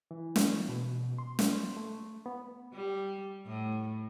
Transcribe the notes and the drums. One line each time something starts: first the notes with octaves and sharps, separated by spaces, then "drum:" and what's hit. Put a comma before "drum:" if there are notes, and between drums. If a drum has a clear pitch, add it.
E3
drum: snare
B2
C6
drum: snare
A3
B3
G3
A2